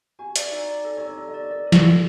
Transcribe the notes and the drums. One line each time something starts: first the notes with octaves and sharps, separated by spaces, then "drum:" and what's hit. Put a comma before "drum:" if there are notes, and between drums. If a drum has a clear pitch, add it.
F#4 G#5
D5, drum: hi-hat
D#4
D5
A4
D#4 C#5
D5
A4
D#5
D5
A#4 D5
A4
G#4, drum: snare
A4